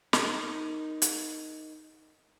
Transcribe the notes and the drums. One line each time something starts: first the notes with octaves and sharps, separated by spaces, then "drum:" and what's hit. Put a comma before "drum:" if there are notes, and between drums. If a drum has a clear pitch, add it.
D#4 A#4, drum: snare
drum: hi-hat